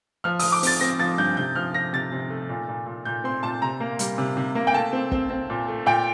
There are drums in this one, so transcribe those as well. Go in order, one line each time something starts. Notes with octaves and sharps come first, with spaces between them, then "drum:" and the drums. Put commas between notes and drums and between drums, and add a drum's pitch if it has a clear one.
F3 F6
F3 D#6, drum: open hi-hat
D6
C4 A6, drum: open hi-hat
C4 A#6
F3 A6
G2 G6
C3 G6
F3 F6
F3 A#6
C3 A6
C3
A3
A#2
A#2
A#2
A#2 G6
C4 C6
A#2 A5
C3 A#5
A#3
G3, drum: hi-hat
C3
C3
A#3
G5
A3 A5
C4
C4, drum: kick
C4
A#2
A3
A#2 G5